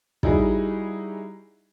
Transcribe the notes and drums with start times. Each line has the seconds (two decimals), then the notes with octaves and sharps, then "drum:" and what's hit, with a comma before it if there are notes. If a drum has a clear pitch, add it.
0.23 G3 D#4 E4 F#4 G#4, drum: kick